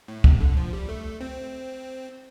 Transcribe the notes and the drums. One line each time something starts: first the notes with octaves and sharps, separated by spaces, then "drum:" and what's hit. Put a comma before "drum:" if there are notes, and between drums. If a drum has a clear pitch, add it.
A2
C3, drum: kick
D3
F3
G3
A3
C4